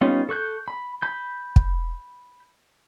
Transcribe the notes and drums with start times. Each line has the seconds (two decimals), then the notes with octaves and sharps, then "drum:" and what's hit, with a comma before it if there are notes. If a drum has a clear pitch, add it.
0.01 G3 B3 C#4 D#4 F4
0.29 A4 C#6 F#6 G6
0.68 B5
1.02 B5 G6
1.56 drum: kick